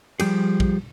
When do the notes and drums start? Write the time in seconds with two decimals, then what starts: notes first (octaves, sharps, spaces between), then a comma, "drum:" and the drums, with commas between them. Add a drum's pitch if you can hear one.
0.20 F3 G3 G4 G#4, drum: cymbal
0.60 drum: kick